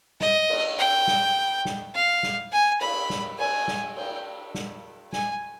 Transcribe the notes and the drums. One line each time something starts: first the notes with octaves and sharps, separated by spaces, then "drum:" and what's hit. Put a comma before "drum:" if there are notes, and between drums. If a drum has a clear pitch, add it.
D#5, drum: snare
drum: cymbal
G5
drum: snare
drum: snare
F5
drum: snare
G#5
B5, drum: cymbal
drum: snare
G#5, drum: cymbal
drum: snare
G5, drum: cymbal
drum: snare
G#5, drum: snare